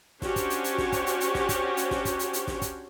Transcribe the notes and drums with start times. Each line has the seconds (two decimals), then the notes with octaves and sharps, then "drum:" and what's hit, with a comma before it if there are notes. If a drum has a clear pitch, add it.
0.22 C#4 D4 F#4 G4 C5 C#5, drum: snare
0.36 drum: kick, hi-hat
0.50 drum: hi-hat
0.64 drum: hi-hat
0.78 drum: snare
0.92 drum: kick, hi-hat
1.06 drum: hi-hat
1.21 drum: hi-hat
1.35 drum: snare
1.49 drum: kick, hi-hat
1.77 drum: hi-hat
1.91 drum: snare
2.05 drum: kick, hi-hat
2.19 drum: hi-hat
2.33 drum: hi-hat
2.47 drum: snare
2.62 drum: kick, hi-hat